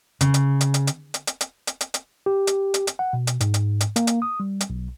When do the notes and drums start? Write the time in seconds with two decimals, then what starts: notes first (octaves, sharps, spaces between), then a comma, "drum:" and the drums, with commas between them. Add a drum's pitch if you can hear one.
0.21 C#3, drum: hi-hat
0.34 drum: hi-hat
0.61 drum: hi-hat
0.74 drum: hi-hat
0.87 drum: hi-hat
1.14 drum: hi-hat
1.27 drum: hi-hat
1.41 drum: hi-hat
1.67 drum: hi-hat
1.81 drum: hi-hat
1.94 drum: hi-hat
2.26 G4
2.47 drum: hi-hat
2.74 drum: hi-hat
2.87 drum: hi-hat
2.99 F#5
3.13 B2
3.27 drum: hi-hat
3.40 G#2, drum: hi-hat
3.54 drum: hi-hat
3.81 drum: hi-hat
3.96 A#3, drum: hi-hat
4.07 drum: hi-hat
4.22 D#6
4.40 G3
4.60 drum: hi-hat
4.70 B1